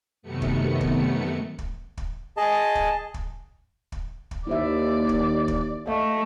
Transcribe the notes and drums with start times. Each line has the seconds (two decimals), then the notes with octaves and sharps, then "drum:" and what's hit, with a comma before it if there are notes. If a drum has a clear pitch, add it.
0.22 F#2 C3 D#3 A3 B3 C#7
0.42 drum: kick
0.81 drum: kick
1.59 drum: kick
1.97 drum: kick
2.37 G#4 D#5 A5
2.75 drum: kick
3.14 drum: kick
3.92 drum: kick
4.31 drum: kick
4.47 D#2 E4 C5 D5 E5
5.09 drum: kick
5.48 drum: kick
5.87 A3 D#5 F5